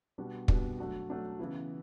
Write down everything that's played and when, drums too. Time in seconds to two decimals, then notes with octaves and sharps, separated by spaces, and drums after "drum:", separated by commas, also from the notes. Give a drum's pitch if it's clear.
0.18 B2 G3 B3 D4 F#4
0.48 B2 G3 B3 D4 F#4, drum: kick
0.79 F#3 A3 D4 F#4
1.09 F#3 A3 D4 F#4
1.39 C#3 E3 B3 E4